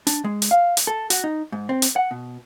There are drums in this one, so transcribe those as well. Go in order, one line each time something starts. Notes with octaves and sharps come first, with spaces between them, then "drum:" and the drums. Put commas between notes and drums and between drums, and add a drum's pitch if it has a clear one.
D4, drum: hi-hat
G#3
drum: hi-hat
F5
drum: hi-hat
A4
F#4, drum: hi-hat
D#4
G#2
C4
drum: hi-hat
F#5
B2